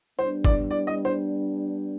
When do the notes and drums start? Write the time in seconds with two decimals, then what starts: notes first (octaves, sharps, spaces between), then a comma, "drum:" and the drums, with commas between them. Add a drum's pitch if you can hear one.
0.18 G3 B3 D4 C5
0.45 D5, drum: kick
0.71 D5
0.87 D#5
1.05 C5